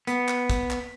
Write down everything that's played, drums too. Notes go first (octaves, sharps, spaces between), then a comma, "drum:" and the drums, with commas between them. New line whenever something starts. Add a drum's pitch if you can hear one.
B3, drum: hi-hat
drum: clap
drum: kick, hi-hat
drum: clap